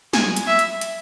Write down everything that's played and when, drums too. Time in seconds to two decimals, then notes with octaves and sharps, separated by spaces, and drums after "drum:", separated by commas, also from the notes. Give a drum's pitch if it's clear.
0.13 G#5, drum: snare
0.37 drum: hi-hat
0.47 E5
0.59 drum: hi-hat
0.81 drum: hi-hat